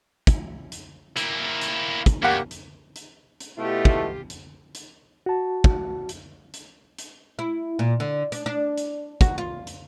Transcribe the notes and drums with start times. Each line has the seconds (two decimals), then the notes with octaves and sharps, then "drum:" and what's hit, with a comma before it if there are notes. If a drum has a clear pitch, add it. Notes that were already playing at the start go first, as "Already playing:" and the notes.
0.27 drum: kick, hi-hat
0.72 drum: hi-hat
1.17 A#3 E4, drum: hi-hat
1.61 drum: hi-hat
2.06 drum: kick, hi-hat
2.22 F#2 A#3 G4 F#5
2.51 drum: hi-hat
2.96 drum: hi-hat
3.40 drum: hi-hat
3.58 B2 A3 E4 F4 G4
3.85 drum: kick
4.30 drum: hi-hat
4.75 drum: hi-hat
5.26 F#4 A5
5.64 drum: kick
6.09 drum: hi-hat
6.54 drum: hi-hat
6.99 drum: hi-hat
7.39 E4
7.79 A#2
8.00 D3
8.32 D4, drum: hi-hat
8.46 D4
8.78 drum: hi-hat
9.21 F#4, drum: kick, hi-hat
9.38 F4
9.67 drum: hi-hat